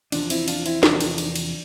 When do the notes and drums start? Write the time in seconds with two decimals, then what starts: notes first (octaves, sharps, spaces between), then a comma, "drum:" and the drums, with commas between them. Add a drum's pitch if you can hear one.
0.12 E2 C3 F3 D4, drum: cymbal
0.30 C4 E4, drum: cymbal
0.48 D4 F4, drum: cymbal
0.66 C4 E4, drum: cymbal
0.83 E2 C3 F3 D4, drum: snare
1.01 drum: cymbal
1.18 drum: cymbal
1.36 drum: cymbal